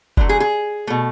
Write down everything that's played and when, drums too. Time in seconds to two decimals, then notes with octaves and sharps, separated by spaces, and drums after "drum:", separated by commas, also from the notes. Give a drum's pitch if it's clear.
0.17 D3 F#3 A3, drum: kick F1
0.29 G#4
0.40 G#4
0.87 B2 A3